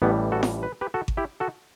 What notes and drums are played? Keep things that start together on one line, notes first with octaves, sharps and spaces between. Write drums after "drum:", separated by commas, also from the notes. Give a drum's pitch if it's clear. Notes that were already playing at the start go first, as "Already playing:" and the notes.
A1 A2 E3 G3 B3
F#4 A4
drum: snare
B4
G4 B4
F#4 A4
drum: kick G#1
E4 G4
F#4 A4